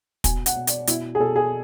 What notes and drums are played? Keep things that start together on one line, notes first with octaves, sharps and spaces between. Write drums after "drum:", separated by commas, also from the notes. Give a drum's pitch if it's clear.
B2 G#5, drum: kick, hi-hat
F#5, drum: hi-hat
B2
D5, drum: hi-hat
B2 E4, drum: hi-hat
G#4
B2 A4
G#4